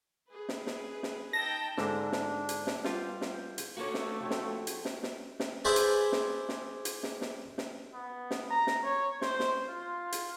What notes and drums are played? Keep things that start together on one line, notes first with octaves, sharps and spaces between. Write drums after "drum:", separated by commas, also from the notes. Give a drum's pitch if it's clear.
G#4 B4
drum: snare
drum: snare
drum: snare
D#4 G5 A5 A#6
G#2 D3 D4, drum: snare
drum: snare
drum: hi-hat
drum: snare
G3 B3 F4 C5, drum: snare
drum: snare
drum: hi-hat
A3 A#3 D4 F#4 A4 C#5
drum: snare
F3 C4 C#5
drum: snare
drum: hi-hat
drum: snare
drum: snare
drum: snare
G#4 B4 C5 D5 E5 A5
drum: hi-hat
drum: snare
drum: snare
drum: hi-hat
drum: snare
drum: snare
drum: snare
B3
drum: snare
A#5
drum: snare
C#5
C5, drum: snare
drum: snare
F4
drum: hi-hat